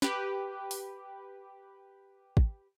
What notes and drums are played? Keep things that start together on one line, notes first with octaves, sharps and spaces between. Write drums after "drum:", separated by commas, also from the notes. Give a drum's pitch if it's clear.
G4 B4, drum: snare
drum: open hi-hat
drum: kick